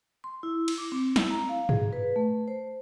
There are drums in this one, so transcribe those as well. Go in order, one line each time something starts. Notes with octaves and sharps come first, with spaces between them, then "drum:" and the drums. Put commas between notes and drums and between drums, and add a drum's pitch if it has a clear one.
C6
E4
drum: cymbal
D6
C4
E4, drum: snare
A#5
F5
G#4, drum: tom
B4
A3
C5